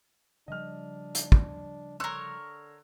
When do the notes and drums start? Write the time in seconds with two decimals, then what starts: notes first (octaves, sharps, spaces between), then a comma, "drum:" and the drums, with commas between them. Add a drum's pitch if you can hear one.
0.48 C#3 F3 G3 D4 D#5 F6
1.15 drum: hi-hat
1.32 drum: kick
2.00 D3 A#4 C#5 C6 E6 F#6